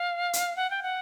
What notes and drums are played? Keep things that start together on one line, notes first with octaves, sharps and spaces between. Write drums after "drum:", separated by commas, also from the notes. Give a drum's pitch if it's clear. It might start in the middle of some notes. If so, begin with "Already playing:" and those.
Already playing: F5
drum: hi-hat
F#5
G5
F#5